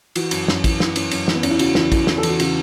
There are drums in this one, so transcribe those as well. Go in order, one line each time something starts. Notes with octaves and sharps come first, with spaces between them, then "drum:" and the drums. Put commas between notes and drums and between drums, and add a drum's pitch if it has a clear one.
E3 F#4, drum: cymbal
F#2, drum: cymbal
F#2, drum: snare
E3, drum: kick, cymbal
E3, drum: snare
F#2, drum: cymbal
F#2, drum: cymbal
E3, drum: snare
B3
E2 C#4, drum: cymbal
E4
C#3 F#4, drum: cymbal
E2 E4, drum: snare
E2, drum: kick, cymbal
E2 E4, drum: snare
A4
E3, drum: cymbal
F#4
C#3 F#4, drum: cymbal